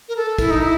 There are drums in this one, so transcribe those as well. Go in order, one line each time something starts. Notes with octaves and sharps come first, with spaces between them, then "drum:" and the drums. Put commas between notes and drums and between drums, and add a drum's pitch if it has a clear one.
A#4
A4
E4, drum: kick, cymbal
D#4
E4